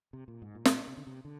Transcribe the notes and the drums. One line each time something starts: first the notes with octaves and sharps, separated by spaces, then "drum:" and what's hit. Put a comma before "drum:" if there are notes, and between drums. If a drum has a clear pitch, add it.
C3
A#2
G#2
A#2
drum: snare
C3
D3
C3
D3